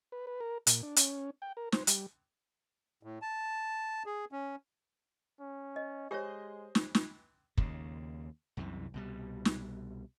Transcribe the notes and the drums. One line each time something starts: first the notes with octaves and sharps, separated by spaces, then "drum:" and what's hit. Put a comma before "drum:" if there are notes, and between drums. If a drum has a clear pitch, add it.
B4
B4
A#4
A#2, drum: hi-hat
D4
C#4, drum: hi-hat
G5
A#4
C5, drum: snare
G3, drum: hi-hat
A2
A5
G#4
C#4
C#4
D#5
G#3 G4 G#4 C5 C#5 D#5
drum: snare
drum: snare
D#2 C#3, drum: kick
C2 F#2 C3 E3
C2 B2 G3
drum: snare